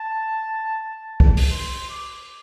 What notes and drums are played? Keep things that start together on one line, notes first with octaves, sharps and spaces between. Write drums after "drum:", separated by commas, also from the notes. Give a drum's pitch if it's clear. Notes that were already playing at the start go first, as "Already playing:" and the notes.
Already playing: A5
drum: kick
drum: open hi-hat
C6
D6